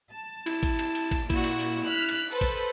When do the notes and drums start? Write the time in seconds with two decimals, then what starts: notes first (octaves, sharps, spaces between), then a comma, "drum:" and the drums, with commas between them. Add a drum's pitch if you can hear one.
0.12 A5
0.46 E4, drum: cymbal
0.63 drum: kick, cymbal
0.79 drum: cymbal
0.95 drum: cymbal
1.11 drum: kick, cymbal
1.30 A#2 E4 F#4, drum: kick, cymbal
1.44 drum: cymbal
1.60 drum: cymbal
1.84 F6 F#6 B6
2.09 drum: cymbal
2.30 A4 B4 C5
2.41 drum: kick, cymbal